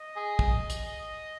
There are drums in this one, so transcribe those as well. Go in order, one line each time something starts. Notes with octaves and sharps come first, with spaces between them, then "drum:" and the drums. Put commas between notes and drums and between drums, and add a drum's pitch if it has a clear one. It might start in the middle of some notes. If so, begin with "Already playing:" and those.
Already playing: D#5
G#4
drum: kick
drum: hi-hat